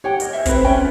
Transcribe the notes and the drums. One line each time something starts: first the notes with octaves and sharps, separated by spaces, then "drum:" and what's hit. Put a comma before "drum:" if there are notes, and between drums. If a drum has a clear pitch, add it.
G4 C#5 F#5 G5
A#4 D#5, drum: hi-hat
E4 C5 E5
C4 B4, drum: kick, hi-hat
C#4 A4 E5 G5
F4